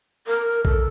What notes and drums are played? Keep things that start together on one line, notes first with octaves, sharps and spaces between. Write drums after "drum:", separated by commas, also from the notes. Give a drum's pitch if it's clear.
A#4
A4, drum: kick A#1